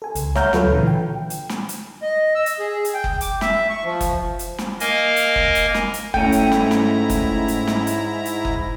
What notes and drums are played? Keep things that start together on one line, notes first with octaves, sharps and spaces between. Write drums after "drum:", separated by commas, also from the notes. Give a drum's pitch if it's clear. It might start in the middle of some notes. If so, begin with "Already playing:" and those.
A4 G#5
C#2, drum: hi-hat
C#5 E5 F#5 A#5 F6 G6, drum: snare
D2 F#3 F4 A4 B4, drum: snare
A#2 D3 E3
G5
drum: hi-hat
drum: snare
drum: hi-hat
D#5
E6
drum: hi-hat
G#4
drum: hi-hat
G5
drum: kick F#1
D6, drum: hi-hat
E5, drum: snare
C#6
F3
drum: kick F#1, hi-hat
drum: hi-hat
drum: snare
A#3 A#4 D#5 F5 G#5, drum: hi-hat
drum: hi-hat
drum: kick F#1
drum: hi-hat
drum: snare
drum: hi-hat
G#2 A3 C#4 E4 G5 A#5, drum: kick F#1
drum: hi-hat
drum: snare
drum: snare
drum: kick F#1, hi-hat
drum: hi-hat
drum: snare
drum: hi-hat
drum: hi-hat
drum: kick F#1